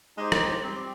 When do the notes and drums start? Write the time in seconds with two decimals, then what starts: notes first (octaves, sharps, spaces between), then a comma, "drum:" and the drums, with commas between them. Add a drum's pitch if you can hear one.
0.18 G#3 D#4 G4 C5
0.32 drum: rim click
0.63 G3 C4